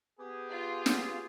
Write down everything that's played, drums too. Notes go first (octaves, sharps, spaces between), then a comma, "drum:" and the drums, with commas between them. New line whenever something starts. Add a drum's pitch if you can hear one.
B3 G4 G#4
F4
drum: snare